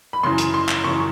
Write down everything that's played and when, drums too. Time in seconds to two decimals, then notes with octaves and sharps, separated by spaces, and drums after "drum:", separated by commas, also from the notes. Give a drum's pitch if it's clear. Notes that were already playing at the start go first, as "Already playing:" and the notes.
0.13 B5
0.23 F#2 C#3 E3 C6
0.38 drum: hi-hat
0.54 C6
0.69 drum: clap
0.84 F#2 C#3 E3 C#6